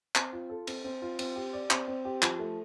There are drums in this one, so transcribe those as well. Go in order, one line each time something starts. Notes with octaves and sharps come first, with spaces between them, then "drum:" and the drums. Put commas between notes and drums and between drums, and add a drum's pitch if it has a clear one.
C4, drum: clap
F4
A4
C4, drum: cymbal
C4
F4
C4, drum: cymbal
G4
D5
C4, drum: clap
C4
G4
F3, drum: clap
A3